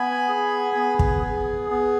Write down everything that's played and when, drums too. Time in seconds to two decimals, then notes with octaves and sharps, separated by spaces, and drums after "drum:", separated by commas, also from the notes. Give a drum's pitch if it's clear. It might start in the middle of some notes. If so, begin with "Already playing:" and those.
Already playing: B3 G#5 B5
0.28 G#4
0.76 B3
0.99 drum: kick
1.23 G#4
1.70 B3